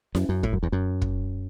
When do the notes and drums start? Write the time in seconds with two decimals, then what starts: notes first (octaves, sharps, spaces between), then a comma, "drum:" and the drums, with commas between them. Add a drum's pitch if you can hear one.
0.15 F#2, drum: snare E4
0.29 F#2
0.43 A2, drum: kick
0.53 F#2
0.63 E2
0.72 F#2
1.02 drum: kick